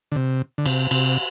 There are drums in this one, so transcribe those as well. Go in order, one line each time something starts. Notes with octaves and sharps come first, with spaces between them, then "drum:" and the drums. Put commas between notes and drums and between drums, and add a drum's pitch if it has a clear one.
D3
C3
D3
C3, drum: cymbal
C3, drum: cymbal